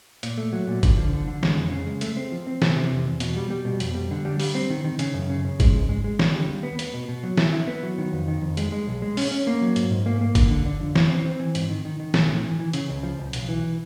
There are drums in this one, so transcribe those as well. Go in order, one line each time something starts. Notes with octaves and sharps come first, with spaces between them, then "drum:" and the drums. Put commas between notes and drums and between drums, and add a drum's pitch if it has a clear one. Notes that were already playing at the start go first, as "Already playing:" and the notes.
A#2, drum: hi-hat
A3
F#3
A#2
D3, drum: kick G1, hi-hat
F3
D3
D3
G#3, drum: snare
F2
C#3
G#3
A3, drum: hi-hat
C4
F3
C4
C3, drum: snare
C3
E2
E2
B2, drum: hi-hat
G3
G3
B2
F2, drum: hi-hat
G3
D3
G3
G3, drum: open hi-hat
C4
D#3
D#3
C#3, drum: hi-hat
F#2
C#3
C#3
G#3, drum: kick G1, hi-hat
G#2
G#3
G#3
D3, drum: snare
G3
D#2
B3
B3, drum: hi-hat
B2
B2
F#3
E4, drum: snare
E4
B3
F#3
D#3
F2
D#3
F2
G#3, drum: hi-hat
G#3
B1
G#3
C#4, drum: open hi-hat
C#4
A#3
F#3
G#2, drum: hi-hat
G#2
A#3
A#3
D3, drum: kick G1, hi-hat
D3
D3
F2
E3, drum: snare
C4
C4
E3
G#2, drum: hi-hat
D#3
D#3
D#3
B1, drum: snare
A2
E3
E3
C#3, drum: hi-hat
C#2
F3
C#2
B1, drum: hi-hat
E3